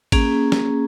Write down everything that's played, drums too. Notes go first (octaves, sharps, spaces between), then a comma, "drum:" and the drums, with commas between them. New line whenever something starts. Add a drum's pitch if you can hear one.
A#3 C#4 G#4, drum: kick A1, cymbal
drum: snare